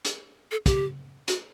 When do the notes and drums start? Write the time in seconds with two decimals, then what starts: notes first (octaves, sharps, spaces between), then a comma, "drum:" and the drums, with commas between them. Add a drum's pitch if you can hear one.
0.05 drum: hi-hat
0.51 A4
0.66 G4, drum: kick, hi-hat
1.28 F#4, drum: hi-hat